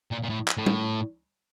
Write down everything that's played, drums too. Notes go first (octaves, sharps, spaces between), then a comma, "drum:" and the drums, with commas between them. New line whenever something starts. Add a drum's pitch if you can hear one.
A#2
A#2
A2
drum: clap
A2
drum: tom